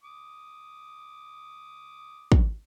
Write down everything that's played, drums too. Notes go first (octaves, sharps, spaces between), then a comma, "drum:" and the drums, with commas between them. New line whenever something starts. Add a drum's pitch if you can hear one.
D6 D#6
drum: kick